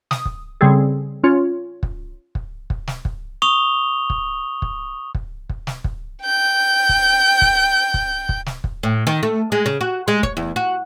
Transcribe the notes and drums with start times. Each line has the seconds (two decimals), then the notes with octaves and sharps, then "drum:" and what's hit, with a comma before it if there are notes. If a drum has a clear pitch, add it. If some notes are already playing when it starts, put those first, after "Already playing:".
0.11 D#6, drum: snare
0.25 drum: kick
0.61 C#3 G3 C4 G#4 A4
1.24 C#4 F4 C#5
1.83 drum: kick
2.35 drum: kick
2.70 drum: kick
2.87 drum: snare
3.05 drum: kick
3.42 C#6 D#6 F7 G7
4.10 drum: kick
4.62 drum: kick
5.15 drum: kick
5.49 drum: kick
5.67 drum: snare
5.84 drum: kick
6.24 G5 G6
6.89 drum: kick
7.42 drum: kick
7.94 drum: kick
8.29 drum: kick
8.46 drum: snare
8.64 drum: kick
8.83 A2
9.07 D#3
9.23 A3
9.52 G#3
9.66 C#3
9.81 F#4
10.08 G#3
10.23 C#5, drum: kick
10.37 E2
10.56 F#4